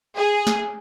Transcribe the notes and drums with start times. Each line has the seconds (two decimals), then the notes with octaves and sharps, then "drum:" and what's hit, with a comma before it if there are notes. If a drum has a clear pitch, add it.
0.17 G#4
0.47 drum: snare